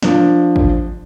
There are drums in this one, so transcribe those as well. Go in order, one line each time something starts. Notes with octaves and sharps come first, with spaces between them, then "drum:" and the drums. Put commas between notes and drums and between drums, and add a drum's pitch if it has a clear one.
F3 D4, drum: snare
drum: kick